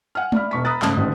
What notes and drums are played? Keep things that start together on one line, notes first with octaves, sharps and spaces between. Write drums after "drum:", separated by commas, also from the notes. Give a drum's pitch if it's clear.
F#5 G#5 F6
D5 E5 B5 F6, drum: tom G#3
E1 C#6 B6
A#5 B5 D#6 E6 F#6 A6
G#2 C#3 A3, drum: clap
A1 G#2 D3 D#3